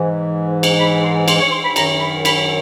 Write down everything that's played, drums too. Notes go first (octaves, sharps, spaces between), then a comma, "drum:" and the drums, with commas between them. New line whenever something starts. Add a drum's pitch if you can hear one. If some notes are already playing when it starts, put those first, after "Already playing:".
Already playing: G#2 E3
drum: cymbal
B5
C6
C6, drum: cymbal
C#6
C6
B5
F#2 D#3 A#5, drum: cymbal
B5
B5, drum: cymbal